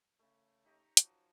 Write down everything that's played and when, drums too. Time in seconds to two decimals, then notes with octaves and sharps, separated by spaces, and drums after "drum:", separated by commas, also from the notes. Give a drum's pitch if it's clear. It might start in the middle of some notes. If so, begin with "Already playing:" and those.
0.19 C#3 A3
0.65 D#4 G4 C#5 A#5
0.97 F3 F#3, drum: hi-hat